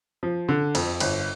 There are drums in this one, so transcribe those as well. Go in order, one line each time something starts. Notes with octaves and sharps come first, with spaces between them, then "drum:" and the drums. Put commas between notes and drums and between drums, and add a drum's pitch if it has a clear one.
F3
D3
F2, drum: cymbal
G1, drum: cymbal